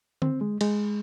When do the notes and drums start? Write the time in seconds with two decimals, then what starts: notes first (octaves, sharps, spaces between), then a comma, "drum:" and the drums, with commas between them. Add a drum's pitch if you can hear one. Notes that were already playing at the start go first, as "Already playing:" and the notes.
0.22 C4, drum: tom D3
0.41 G#3
0.61 G#3, drum: cymbal